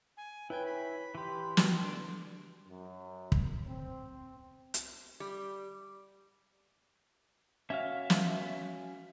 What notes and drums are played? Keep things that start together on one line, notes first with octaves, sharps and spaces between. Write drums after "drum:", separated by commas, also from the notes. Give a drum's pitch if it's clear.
G#5
E4 B4 C#5 G5 G#5
B5
E3 G4 C6
F#4, drum: snare
D3 D4
F#2
drum: kick
C4
drum: hi-hat
G3
C#4 F#4 E5 F5
drum: snare